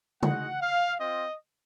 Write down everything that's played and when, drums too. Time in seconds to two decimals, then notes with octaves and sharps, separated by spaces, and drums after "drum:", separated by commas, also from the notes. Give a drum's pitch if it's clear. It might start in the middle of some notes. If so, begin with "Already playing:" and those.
0.23 G#3 D#4 F#4 F#5, drum: tom C#3
0.60 F5
0.99 C4 F4 D#5